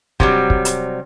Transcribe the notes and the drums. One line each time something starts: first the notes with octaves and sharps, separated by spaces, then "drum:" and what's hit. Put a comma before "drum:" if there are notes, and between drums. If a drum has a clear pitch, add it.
C3 F#3 G3, drum: kick
drum: kick
drum: hi-hat